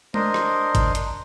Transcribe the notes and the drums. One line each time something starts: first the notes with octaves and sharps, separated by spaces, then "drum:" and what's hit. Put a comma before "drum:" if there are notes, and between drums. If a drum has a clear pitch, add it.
D4 A#4 C5 D#5, drum: tom G#3
drum: rim click
drum: kick, hi-hat
drum: hi-hat